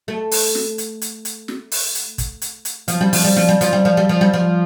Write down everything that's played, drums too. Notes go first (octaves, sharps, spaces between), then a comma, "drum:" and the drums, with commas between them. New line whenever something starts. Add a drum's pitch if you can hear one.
A3
drum: open hi-hat
drum: snare
drum: hi-hat
drum: hi-hat
drum: hi-hat
drum: snare
drum: open hi-hat
drum: hi-hat
drum: kick, hi-hat
drum: hi-hat
drum: hi-hat
F3, drum: hi-hat
G3
F3, drum: open hi-hat
G3
F3, drum: snare
G3
F3, drum: hi-hat
G3
F3
G3
F3
G3
F3